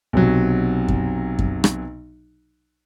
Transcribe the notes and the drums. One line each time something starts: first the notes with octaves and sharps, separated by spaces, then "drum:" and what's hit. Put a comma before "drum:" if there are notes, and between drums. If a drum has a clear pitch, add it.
B1 C3 F#3
drum: kick F#2
drum: kick F#2
drum: rim click